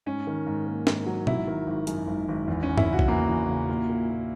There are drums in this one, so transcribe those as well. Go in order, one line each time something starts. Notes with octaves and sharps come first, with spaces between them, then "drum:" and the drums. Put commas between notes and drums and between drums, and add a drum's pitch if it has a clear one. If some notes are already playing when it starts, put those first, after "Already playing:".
G#2 C#4
D#3
G#2
A#3
G#2, drum: snare
F#3
G#1 E4, drum: tom
D#3
G#1
F#2, drum: hi-hat
G#1
G#1
E2
C#4
E2
E4, drum: tom G2
C#3 F#4
drum: kick B1
E2 A#3
E2
C#3
A#2
A#2
A#2